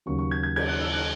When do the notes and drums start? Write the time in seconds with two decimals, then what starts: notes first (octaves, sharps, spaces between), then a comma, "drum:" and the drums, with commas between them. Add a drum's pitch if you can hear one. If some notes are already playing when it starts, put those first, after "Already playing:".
0.06 D#2 C#3 F#3 C#6
0.19 C#6
0.31 G#6
0.43 G#6
0.56 G#6, drum: cymbal
0.69 F#6
0.81 E6
0.93 F#6